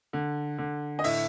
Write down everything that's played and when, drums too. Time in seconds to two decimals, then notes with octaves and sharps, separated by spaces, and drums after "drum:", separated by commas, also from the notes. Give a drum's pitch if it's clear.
0.13 D3
0.58 D3
0.99 D#5
1.04 A2 E5, drum: open hi-hat